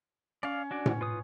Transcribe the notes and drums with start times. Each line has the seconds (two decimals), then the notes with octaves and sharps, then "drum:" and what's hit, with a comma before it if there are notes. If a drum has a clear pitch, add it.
0.43 C#4 D5 F5
0.71 D4 F#4 D5
0.86 drum: tom A2
1.01 F4 B4 D#6